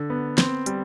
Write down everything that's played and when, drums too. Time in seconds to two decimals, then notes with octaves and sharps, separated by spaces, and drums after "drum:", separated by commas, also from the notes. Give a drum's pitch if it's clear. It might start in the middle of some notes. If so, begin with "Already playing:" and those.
Already playing: D3
0.10 B3
0.38 C4, drum: snare
0.66 G3, drum: hi-hat